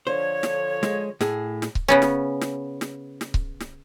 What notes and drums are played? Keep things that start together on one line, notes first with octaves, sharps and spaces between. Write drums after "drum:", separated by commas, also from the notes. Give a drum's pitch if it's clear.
D3 F3 C5 C#5
drum: snare
G#3, drum: snare
A2 G#4, drum: snare
drum: snare
drum: kick C#1
C#3 B3 C#4
drum: snare
drum: snare
drum: snare
drum: snare
drum: kick C#1
drum: snare